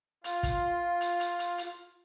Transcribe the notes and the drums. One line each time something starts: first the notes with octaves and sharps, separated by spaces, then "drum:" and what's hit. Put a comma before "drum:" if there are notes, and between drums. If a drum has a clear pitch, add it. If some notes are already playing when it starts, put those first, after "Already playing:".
F4, drum: hi-hat
drum: kick, hi-hat
drum: hi-hat
drum: hi-hat
drum: hi-hat
drum: hi-hat